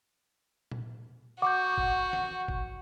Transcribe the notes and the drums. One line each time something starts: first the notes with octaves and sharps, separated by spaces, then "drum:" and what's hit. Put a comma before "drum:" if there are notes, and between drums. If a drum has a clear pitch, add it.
drum: tom A#2
F#4 F#5 C#6 D6 G6
drum: kick
drum: snare
drum: kick